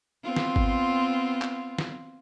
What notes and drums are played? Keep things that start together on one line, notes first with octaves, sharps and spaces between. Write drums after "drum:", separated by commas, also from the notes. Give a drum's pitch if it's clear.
B3 C4 F4
drum: snare
drum: kick G#1
drum: clap
drum: snare